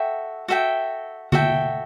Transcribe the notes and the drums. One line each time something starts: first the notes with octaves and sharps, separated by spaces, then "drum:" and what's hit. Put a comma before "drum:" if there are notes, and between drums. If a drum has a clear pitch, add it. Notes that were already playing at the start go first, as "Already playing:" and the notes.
Already playing: F#4 A4 E5 G5
F#4 A4 E5 G5
F#4 A4 E5 G5, drum: tom D3